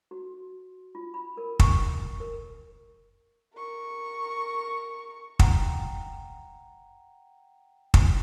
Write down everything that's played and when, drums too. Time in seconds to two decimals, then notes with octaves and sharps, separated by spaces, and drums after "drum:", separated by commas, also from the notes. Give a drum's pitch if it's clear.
0.11 F#4
0.95 F4
1.14 B5
1.37 A#4
1.59 C#6, drum: kick
2.20 A#4
3.55 A#4 C#6
5.39 F#5 G5 A#5, drum: kick
7.94 drum: kick